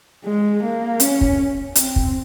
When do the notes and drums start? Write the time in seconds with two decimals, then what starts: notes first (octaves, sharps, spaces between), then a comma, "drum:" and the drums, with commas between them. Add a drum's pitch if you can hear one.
0.25 G#3
0.63 A#3
1.00 C#4, drum: hi-hat
1.21 drum: kick
1.75 C4, drum: hi-hat
1.96 drum: kick